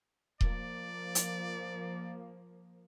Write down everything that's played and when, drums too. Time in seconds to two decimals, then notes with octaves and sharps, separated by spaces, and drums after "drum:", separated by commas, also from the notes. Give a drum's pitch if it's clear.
0.41 F3 A#3 D5, drum: kick D#1
1.15 drum: hi-hat